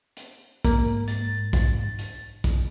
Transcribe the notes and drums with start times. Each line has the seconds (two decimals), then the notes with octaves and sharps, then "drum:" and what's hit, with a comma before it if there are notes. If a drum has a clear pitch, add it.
0.17 drum: hi-hat
0.65 G#2 A#3, drum: kick, hi-hat
1.08 A6, drum: hi-hat
1.53 drum: kick, hi-hat
1.99 drum: hi-hat
2.44 drum: kick, hi-hat